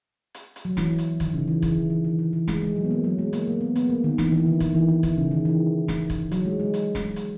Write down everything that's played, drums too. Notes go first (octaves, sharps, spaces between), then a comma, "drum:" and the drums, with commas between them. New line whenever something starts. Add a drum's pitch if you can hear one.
drum: hi-hat
drum: hi-hat
F#3
E3, drum: snare
drum: hi-hat
D#3, drum: kick, hi-hat
C#3
E3
E3, drum: kick, hi-hat
D#3
E3
E3
E3
E3
G#3, drum: snare
G#3
F#3
B3
A#3
F#3
G#3
A#3, drum: hi-hat
A#3
B3
B3, drum: hi-hat
A#3
D#3
E3, drum: snare
E3
D#3
D#3, drum: kick, hi-hat
E3
E3
D#3, drum: kick, hi-hat
C#3
D#3
E3
drum: snare
drum: kick, hi-hat
F#3, drum: hi-hat
G#3
G#3
drum: hi-hat
drum: snare
drum: hi-hat